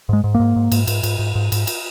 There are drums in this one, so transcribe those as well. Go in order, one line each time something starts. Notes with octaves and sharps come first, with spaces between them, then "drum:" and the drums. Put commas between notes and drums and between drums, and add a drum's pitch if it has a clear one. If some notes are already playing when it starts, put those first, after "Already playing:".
G#2 G#3
G#2
A#3
G#2
G#2
G#2, drum: cymbal
G#2, drum: cymbal
G#2, drum: cymbal
G#2
G#2
G#2, drum: cymbal
drum: cymbal